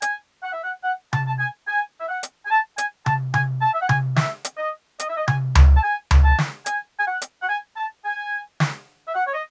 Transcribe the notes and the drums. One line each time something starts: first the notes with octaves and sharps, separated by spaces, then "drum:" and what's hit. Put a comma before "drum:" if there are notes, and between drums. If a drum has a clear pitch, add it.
G#5, drum: hi-hat
F#5
E5
F#5
F#5
A5, drum: tom C3
A5
G#5
G#5
E5
F#5
drum: hi-hat
G#5
A5
G#5, drum: hi-hat
A5, drum: tom C3
G#5, drum: tom C3
A5
E5
F#5
G#5, drum: tom C3
E5, drum: snare
drum: hi-hat
D#5
D#5, drum: hi-hat
E5
D#5
G#5, drum: tom C3
drum: tom C#2
A5
G#5
drum: tom C#2
A5
drum: snare
G#5, drum: hi-hat
G#5
F#5
drum: hi-hat
F#5
G#5
A5
G#5
drum: snare
E5
F#5
C#5
D#5